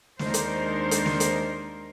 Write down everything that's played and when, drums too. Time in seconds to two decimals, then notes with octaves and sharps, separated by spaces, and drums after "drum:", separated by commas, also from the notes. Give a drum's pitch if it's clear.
0.19 D#2 G#3 D4 D#4 A#4 C5, drum: snare
0.34 drum: hi-hat
0.91 drum: hi-hat
1.06 drum: snare
1.20 drum: hi-hat